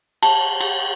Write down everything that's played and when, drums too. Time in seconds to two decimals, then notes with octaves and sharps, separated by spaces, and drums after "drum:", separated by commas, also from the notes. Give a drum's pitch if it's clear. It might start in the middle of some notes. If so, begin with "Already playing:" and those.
0.23 A5, drum: cymbal
0.60 drum: cymbal